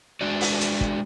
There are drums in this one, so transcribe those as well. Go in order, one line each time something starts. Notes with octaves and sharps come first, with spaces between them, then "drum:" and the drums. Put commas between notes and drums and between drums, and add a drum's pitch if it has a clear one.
G#3 D4 F#4 D5
drum: open hi-hat
drum: hi-hat
drum: kick